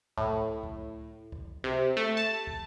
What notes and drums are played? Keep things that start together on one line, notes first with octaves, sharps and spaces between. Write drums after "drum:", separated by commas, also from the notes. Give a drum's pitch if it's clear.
A2, drum: kick
drum: kick
drum: kick
C3
A3
A5
drum: kick